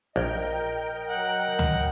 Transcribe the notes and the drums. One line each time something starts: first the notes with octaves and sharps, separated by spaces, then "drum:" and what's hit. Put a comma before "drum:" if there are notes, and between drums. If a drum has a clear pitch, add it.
A#1 A#4 D#5 G5
F#3 D#5 F#5
drum: tom C#2